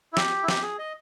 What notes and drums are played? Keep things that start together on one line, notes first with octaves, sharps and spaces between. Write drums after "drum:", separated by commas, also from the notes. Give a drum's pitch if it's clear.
E4
G4, drum: snare
E4
G4, drum: snare
G#4
D#5